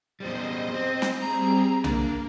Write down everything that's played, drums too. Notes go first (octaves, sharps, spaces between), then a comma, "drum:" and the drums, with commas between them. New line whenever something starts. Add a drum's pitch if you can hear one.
E2 G3 C5 D#5
C4
drum: snare
G3 C4 G#4 A#5
A#3 D4, drum: tom B1